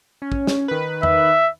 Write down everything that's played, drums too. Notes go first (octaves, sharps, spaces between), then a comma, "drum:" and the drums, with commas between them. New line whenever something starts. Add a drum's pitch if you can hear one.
C#4
drum: kick
drum: snare
D#3 B4
E5, drum: tom E2